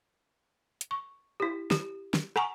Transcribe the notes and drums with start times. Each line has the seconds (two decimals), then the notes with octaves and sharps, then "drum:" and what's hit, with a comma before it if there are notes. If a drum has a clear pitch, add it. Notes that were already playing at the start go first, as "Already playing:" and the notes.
0.81 drum: hi-hat
0.91 C#6
1.40 E4 G4
1.71 G4, drum: snare
2.14 drum: snare
2.36 F#5 G#5 A#5 C#6, drum: rim click